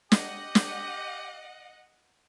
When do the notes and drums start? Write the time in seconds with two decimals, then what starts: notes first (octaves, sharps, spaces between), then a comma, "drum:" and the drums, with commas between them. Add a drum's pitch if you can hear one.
0.12 G4 D#5 F#5, drum: snare
0.55 drum: snare